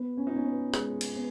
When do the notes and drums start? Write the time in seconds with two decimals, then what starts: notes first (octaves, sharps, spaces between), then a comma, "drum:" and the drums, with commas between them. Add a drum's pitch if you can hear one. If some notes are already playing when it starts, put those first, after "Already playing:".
Already playing: B3
0.17 C#4
0.27 D#4
0.36 C#4
0.45 B3
0.74 G#3, drum: rim click
1.01 drum: cymbal
1.16 B3